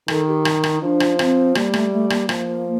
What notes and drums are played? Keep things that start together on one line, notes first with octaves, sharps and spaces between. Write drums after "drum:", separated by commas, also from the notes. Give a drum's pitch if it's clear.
D#3 A4, drum: rim click
G4
drum: rim click
D#4, drum: rim click
F3 D4
drum: rim click
C4, drum: rim click
G3 A#3, drum: rim click
A3, drum: rim click
A3
A#3, drum: rim click
F3, drum: rim click